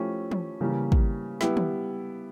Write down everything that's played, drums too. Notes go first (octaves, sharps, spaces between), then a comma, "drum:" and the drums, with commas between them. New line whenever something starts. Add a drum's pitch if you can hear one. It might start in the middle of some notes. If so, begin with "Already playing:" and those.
Already playing: F3 A3 C#4 E4 G4
drum: tom
C#3 E3 G3 A#3 C#4
drum: kick
G3 B3 E4 G4, drum: snare
drum: tom